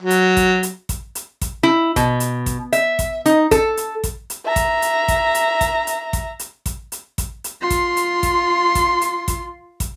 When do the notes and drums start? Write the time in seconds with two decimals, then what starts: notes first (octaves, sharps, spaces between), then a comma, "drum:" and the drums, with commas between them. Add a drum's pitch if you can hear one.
0.01 F#3
0.10 drum: hi-hat
0.37 drum: kick, hi-hat
0.63 drum: hi-hat
0.89 drum: kick, hi-hat
1.15 drum: hi-hat
1.41 drum: kick, hi-hat
1.63 E4
1.96 B2, drum: kick, hi-hat
2.20 drum: hi-hat
2.46 drum: kick, hi-hat
2.73 E5, drum: hi-hat
2.99 drum: kick, hi-hat
3.26 D#4, drum: hi-hat
3.51 A4, drum: kick, hi-hat
3.77 drum: hi-hat
4.04 drum: kick, hi-hat
4.30 drum: hi-hat
4.46 E5 A#5
4.56 drum: kick, hi-hat
4.82 drum: hi-hat
5.08 drum: kick, hi-hat
5.35 drum: hi-hat
5.61 drum: kick, hi-hat
5.87 drum: hi-hat
6.13 drum: kick, hi-hat
6.39 drum: hi-hat
6.66 drum: kick, hi-hat
6.92 drum: hi-hat
7.18 drum: kick, hi-hat
7.44 drum: hi-hat
7.61 F4 C6
7.70 drum: kick, hi-hat
7.97 drum: hi-hat
8.23 drum: kick, hi-hat
8.75 drum: kick, hi-hat
9.01 drum: hi-hat
9.28 drum: kick, hi-hat
9.80 drum: kick, hi-hat